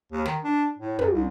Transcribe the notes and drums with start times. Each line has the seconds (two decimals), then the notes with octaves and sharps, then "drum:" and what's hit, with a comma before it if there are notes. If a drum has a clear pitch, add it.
0.12 D#2
0.26 D#3, drum: snare
0.44 D4
0.79 A2
0.99 F#2, drum: tom
1.13 C2